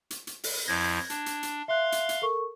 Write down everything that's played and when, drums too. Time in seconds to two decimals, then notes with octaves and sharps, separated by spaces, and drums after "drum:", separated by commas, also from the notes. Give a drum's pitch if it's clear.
0.10 drum: hi-hat
0.27 drum: hi-hat
0.44 drum: open hi-hat
0.68 F2 F3 E4 G6 G#6 A#6
1.10 D4, drum: hi-hat
1.26 drum: hi-hat
1.43 drum: hi-hat
1.68 E5 F5 C6 F#6
1.92 drum: hi-hat
2.09 drum: hi-hat
2.22 A4 A#4 C#6